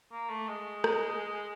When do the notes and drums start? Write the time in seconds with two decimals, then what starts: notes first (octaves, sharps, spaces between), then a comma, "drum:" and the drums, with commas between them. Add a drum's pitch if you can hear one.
0.11 A#3
0.29 A3
0.48 G#3
0.84 drum: rim click